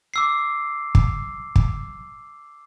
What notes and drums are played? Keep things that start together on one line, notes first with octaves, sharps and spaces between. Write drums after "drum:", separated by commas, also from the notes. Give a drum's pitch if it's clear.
D6 E6 C7
drum: kick
drum: kick